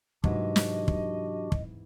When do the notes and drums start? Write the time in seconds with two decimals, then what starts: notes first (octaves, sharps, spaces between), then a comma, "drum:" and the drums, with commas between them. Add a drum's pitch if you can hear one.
0.24 G#2 C3 E3 F#3 D4 F#4 G4 D#5, drum: kick
0.56 drum: snare
0.88 drum: kick
1.52 drum: kick